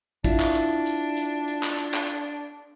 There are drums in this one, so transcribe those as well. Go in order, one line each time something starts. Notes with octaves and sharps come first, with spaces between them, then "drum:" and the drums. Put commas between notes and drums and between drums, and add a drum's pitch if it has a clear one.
D4 E4 F4, drum: kick, hi-hat
drum: clap
drum: hi-hat
drum: hi-hat
drum: hi-hat
drum: hi-hat
drum: clap
drum: hi-hat
drum: clap
drum: hi-hat